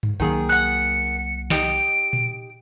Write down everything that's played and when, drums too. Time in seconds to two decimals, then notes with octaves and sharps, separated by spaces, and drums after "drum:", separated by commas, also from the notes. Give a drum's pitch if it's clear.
0.03 drum: tom G2
0.20 C2 D#3 F#3 A#3 G#4
0.49 F#5 F#6 C#7
1.50 D#4 G4 D#5 D7, drum: snare
2.13 drum: tom A#2